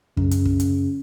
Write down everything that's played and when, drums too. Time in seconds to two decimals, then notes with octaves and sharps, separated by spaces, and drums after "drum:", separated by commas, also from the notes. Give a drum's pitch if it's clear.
0.17 F#2 C#3, drum: kick
0.31 drum: hi-hat
0.45 drum: kick
0.60 drum: hi-hat